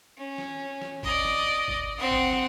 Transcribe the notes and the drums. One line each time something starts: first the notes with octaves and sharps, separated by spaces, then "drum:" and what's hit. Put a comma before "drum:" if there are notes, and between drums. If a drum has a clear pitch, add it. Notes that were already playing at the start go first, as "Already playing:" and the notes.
C#4
drum: snare
drum: snare
D5 D#5, drum: kick
drum: snare
drum: kick
C4 F#5
drum: kick
drum: snare